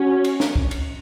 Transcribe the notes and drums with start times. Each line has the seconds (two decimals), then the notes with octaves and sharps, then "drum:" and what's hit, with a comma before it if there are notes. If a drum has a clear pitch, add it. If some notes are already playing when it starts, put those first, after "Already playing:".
Already playing: C#4 F#4
0.24 drum: cymbal
0.40 drum: snare
0.56 drum: kick
0.71 drum: cymbal